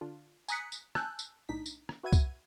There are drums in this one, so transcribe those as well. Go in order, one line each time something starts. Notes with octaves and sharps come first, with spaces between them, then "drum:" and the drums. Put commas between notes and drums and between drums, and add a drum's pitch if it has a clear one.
D3 D4 F4
G#5 A#5 D#6 F#6 B6 C#7, drum: tambourine
drum: tambourine
G#5 A5 E6 F#6 G6, drum: rim click
drum: tambourine
B1 A2 D4 D#4 B6
drum: tambourine
drum: rim click
F#4 B4 E5 F#5 G#6 D#7
drum: kick, tambourine